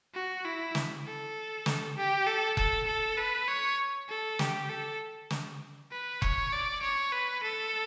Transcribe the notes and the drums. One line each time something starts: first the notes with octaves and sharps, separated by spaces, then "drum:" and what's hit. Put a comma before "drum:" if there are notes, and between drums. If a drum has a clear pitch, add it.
F#4
E4
drum: snare
A4
drum: snare
G4
A4
A4, drum: kick F1
A4
B4
C#5
A4
G4, drum: snare
A4
drum: snare
B4
C#5, drum: kick F1
D5
C#5
B4
A4